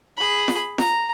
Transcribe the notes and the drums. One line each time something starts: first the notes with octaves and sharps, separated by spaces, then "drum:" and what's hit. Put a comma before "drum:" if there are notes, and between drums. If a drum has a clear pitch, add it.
G#4 B5
drum: snare
A#5, drum: snare